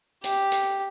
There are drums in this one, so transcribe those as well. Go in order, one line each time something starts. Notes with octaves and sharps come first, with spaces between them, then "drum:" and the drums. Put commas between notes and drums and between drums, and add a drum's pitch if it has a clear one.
G4, drum: hi-hat
drum: hi-hat